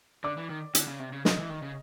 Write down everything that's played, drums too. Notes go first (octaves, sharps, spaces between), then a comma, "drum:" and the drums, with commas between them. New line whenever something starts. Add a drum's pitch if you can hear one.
D3 D5 D6
E3
D#3
D3, drum: hi-hat
C#3
C3
C#3
D#5 D#6, drum: snare
E3
D#3
C#3